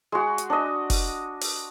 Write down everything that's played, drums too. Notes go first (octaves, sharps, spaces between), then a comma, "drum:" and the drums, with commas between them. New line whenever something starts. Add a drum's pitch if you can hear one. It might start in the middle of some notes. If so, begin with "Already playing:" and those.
G#3 F#4
drum: hi-hat
D4 D#5
drum: kick F1, open hi-hat
drum: open hi-hat